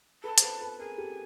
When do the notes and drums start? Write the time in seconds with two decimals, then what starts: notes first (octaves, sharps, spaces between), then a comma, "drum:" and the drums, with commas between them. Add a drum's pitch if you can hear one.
0.23 A4 B4 A5
0.38 C5, drum: hi-hat
0.42 A4 B4
0.61 A4 B4
0.79 G#4 A#4 G#5
0.98 G4 A4